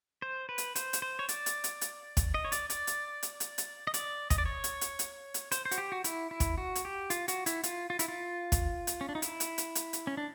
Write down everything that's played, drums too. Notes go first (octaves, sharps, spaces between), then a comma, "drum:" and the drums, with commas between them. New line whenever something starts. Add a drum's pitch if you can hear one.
C5
B4
drum: hi-hat
C5, drum: hi-hat
drum: hi-hat
C5
C#5
D5, drum: hi-hat
drum: hi-hat
drum: hi-hat
drum: hi-hat
drum: kick, hi-hat
D#5
C#5
D5, drum: hi-hat
D5, drum: hi-hat
drum: hi-hat
drum: hi-hat
drum: hi-hat
drum: hi-hat
D#5
D5, drum: hi-hat
D#5, drum: kick, hi-hat
D5
C#5
drum: hi-hat
drum: hi-hat
drum: hi-hat
drum: hi-hat
C5, drum: hi-hat
C5
F#4, drum: hi-hat
G4
F#4
E4, drum: hi-hat
E4
drum: kick, hi-hat
F#4
drum: hi-hat
G4
F4, drum: hi-hat
F#4, drum: hi-hat
E4, drum: hi-hat
F4, drum: hi-hat
F4
E4, drum: hi-hat
F4
drum: kick, hi-hat
drum: hi-hat
C#4
D4
D#4
E4, drum: hi-hat
drum: hi-hat
drum: hi-hat
drum: hi-hat
drum: hi-hat
C#4
D4